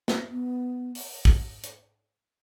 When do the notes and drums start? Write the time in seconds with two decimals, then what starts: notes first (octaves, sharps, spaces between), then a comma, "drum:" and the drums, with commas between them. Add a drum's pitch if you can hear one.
0.08 C4, drum: snare
0.30 B3
0.95 drum: open hi-hat
1.25 drum: kick
1.64 drum: hi-hat